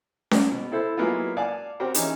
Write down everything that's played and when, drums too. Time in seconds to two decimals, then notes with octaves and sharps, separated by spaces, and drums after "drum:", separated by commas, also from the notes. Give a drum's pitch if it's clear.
0.31 drum: snare C#4
0.51 B2
0.72 E4 A4 C5
0.97 F#3 G#3 A#3 B3 E4 F4
1.37 D5 F5 F#5 G#5 A5 D6
1.80 C4 F#4 G4 A#4 A#5
1.94 E3 C#4 D#4 G#4, drum: hi-hat